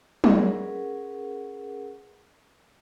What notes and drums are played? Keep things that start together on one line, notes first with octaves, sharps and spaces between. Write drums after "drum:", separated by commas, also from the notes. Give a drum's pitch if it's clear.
C#4 G#4 A#4 B4 F#5, drum: tom F#3